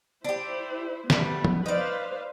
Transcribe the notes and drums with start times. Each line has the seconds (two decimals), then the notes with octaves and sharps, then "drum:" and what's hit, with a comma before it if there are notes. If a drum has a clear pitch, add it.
0.24 D4 E4 G4 C5
1.10 G3 A3 B3, drum: snare
1.45 drum: tom
1.66 D#4 B4 C5 D5 F5